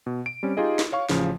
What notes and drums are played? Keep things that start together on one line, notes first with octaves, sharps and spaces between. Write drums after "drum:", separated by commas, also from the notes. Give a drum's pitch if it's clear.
B2
D7
G3 C4 C#4
D#4 F4 G4 G#4 D#5
drum: snare
C#5 F5 C#6
A1 C#3 F3, drum: snare